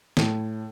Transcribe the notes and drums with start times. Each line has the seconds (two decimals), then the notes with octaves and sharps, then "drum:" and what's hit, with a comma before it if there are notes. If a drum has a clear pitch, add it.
0.17 A2, drum: snare